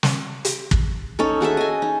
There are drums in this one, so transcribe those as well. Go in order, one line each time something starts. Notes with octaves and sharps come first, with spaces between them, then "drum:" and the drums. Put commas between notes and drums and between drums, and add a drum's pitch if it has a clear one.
drum: snare
drum: hi-hat
drum: kick
C#4 D#4 A4
F#4 G#4 A4 E5
D#5 G#5
D#4